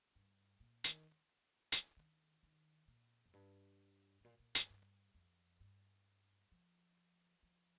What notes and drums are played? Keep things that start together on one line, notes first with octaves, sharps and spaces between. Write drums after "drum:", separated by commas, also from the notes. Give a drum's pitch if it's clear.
G2
A#2
D#3, drum: hi-hat
drum: hi-hat
D#3
D#3
A#2
F2
G2
G2
A#2
A#2
G2, drum: hi-hat
G2
F2
G2
F3
F3